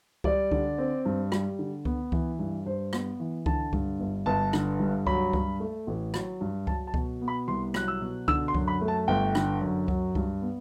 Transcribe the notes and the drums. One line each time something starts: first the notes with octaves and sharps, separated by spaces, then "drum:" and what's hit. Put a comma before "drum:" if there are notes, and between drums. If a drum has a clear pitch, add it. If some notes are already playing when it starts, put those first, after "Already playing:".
G3 D5, drum: kick C#2
D3, drum: kick C#2
C4
G2
G3, drum: rim click
D3
B3, drum: kick C#2
E3, drum: kick C#2
G2
G2 C5
B3, drum: rim click
E3
D3 A5, drum: kick C#2
G2, drum: kick C#2
G1
G1 A5
D3, drum: rim click
G2
F#3 B5, drum: kick C#2
G2, drum: kick C#2
A3
A1
F#3, drum: rim click
G2
F#3 A5, drum: kick C#2
A5
B2, drum: kick C#2
B3
B5
C2 C6
F#3 F#6, drum: rim click
E6
B2
D3 E6, drum: kick C#2
C6
F#2, drum: kick C#2
B5
A3
A5
G1 G5
D3, drum: rim click
F#2
F#3, drum: kick C#2
G2, drum: kick C#2
B3